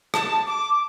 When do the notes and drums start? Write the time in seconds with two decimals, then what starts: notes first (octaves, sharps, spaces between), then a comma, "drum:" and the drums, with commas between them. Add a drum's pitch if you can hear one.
0.14 A5, drum: rim click
0.47 D6